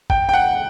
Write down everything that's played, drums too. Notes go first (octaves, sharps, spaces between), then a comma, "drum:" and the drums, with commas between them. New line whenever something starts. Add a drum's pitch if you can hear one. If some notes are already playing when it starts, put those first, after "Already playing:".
G5, drum: kick
G5
F#5